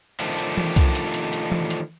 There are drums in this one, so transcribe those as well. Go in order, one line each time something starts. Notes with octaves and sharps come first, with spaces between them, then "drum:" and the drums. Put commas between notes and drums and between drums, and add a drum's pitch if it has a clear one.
D#3 F3 A3 D4, drum: hi-hat
drum: hi-hat
drum: tom E3
drum: kick C2, hi-hat
drum: hi-hat
drum: hi-hat
drum: hi-hat
drum: tom E3
drum: hi-hat